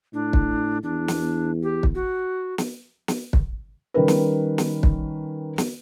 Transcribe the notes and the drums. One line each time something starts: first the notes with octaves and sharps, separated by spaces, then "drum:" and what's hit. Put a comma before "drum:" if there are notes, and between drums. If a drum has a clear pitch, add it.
A2 D4
drum: kick
E2 D4
drum: snare
G4
drum: kick
F#4
drum: snare
drum: snare
drum: kick
D#3 G3 C#4 A#4 B4
drum: snare
drum: snare
drum: kick
drum: snare